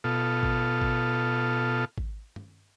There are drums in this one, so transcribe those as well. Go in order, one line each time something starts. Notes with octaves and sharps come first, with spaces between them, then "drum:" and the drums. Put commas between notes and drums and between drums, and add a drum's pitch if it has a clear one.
B2 F4 A4
drum: kick G#1
drum: kick G#1
drum: kick G#1
drum: tom G2